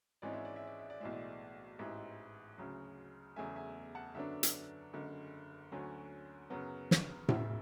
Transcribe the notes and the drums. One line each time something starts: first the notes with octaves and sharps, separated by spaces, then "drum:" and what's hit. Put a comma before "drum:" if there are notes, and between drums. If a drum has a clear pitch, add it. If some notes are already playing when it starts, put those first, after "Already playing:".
G#1 G#2 E3 G#3 C#4 D5
E5
D5
E5
D5
E5
D5
B1 A2 E3 G#3 E5
D5
A1 G#2 E3 E5
D2 C#3 F#3
E2 C#3 F#3 A3 E5 G#5
E5 G#5
F#5 A5
F#2 D3 F#3 B3 D4 E5
drum: hi-hat
F#1 F#2 D3 G#3
D2 D3 F#3 C#4
F#2 C#3 F#3 B3
drum: snare
E1 D2 C#3 E5, drum: tom A2